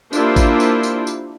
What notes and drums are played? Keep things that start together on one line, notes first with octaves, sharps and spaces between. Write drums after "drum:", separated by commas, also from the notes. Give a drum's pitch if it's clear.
A#3 D4 E4 F4 G4 C5, drum: tambourine
drum: kick G#1, tambourine
drum: tambourine
drum: tambourine
drum: tambourine